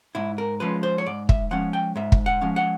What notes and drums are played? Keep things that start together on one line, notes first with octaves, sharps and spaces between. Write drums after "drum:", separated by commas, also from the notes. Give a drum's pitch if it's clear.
G#2 E4
A#4
F3 G#3 C#4 B4
C5
C#5
G#2 D5
E5, drum: kick
F3 G#3 C#4 F#5
G5
G#2 E5
drum: kick
F#5
F3 G#3 C#4
F#5